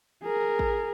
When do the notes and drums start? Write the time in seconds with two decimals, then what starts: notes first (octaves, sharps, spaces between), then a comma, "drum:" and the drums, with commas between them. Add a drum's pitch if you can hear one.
0.23 G#4 A#4
0.59 drum: kick A1